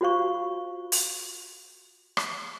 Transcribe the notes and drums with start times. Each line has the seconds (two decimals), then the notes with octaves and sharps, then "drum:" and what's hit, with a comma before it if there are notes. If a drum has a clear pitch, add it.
0.01 F4 F#4 C5 F5 C#6
0.92 drum: open hi-hat
2.17 drum: rim click